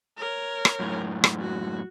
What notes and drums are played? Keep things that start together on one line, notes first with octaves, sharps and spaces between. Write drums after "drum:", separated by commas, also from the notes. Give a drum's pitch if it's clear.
A#4 C#5
drum: rim click
F#2 A2
drum: rim click
F#4